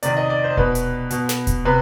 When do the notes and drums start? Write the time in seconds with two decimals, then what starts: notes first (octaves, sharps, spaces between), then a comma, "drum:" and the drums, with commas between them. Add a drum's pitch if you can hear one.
0.03 C3 D#3 D5, drum: hi-hat
0.17 D#5
0.30 D5
0.44 C5
0.57 B2 B4, drum: kick D#1
0.75 drum: hi-hat
1.11 B2, drum: hi-hat
1.29 drum: snare
1.47 drum: kick D#1, hi-hat
1.65 C3 B4